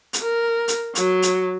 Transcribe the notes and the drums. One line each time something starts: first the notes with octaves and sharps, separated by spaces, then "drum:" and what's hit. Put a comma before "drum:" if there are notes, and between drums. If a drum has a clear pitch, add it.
drum: hi-hat
A#4
drum: hi-hat
F#3, drum: hi-hat
drum: hi-hat